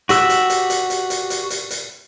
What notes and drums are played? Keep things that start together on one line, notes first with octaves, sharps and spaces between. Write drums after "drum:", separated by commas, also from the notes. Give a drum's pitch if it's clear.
F#4 G4 E6, drum: hi-hat
drum: hi-hat
drum: hi-hat
drum: hi-hat
drum: hi-hat
drum: hi-hat
drum: hi-hat
drum: hi-hat
drum: hi-hat